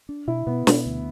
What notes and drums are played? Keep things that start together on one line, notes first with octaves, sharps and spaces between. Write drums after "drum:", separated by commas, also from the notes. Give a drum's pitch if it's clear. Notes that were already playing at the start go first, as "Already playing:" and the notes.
D4
B2 E4
B2 B3
B2, drum: snare
D2